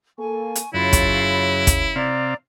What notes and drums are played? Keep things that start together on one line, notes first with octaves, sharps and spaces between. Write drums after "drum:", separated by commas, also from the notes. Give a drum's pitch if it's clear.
A#3 A4 G#5 C#6
drum: hi-hat
F#2 C#3 E4 F4 C#5 B5
drum: kick, hi-hat
drum: kick, hi-hat
C3 C4 D5 F5 A#5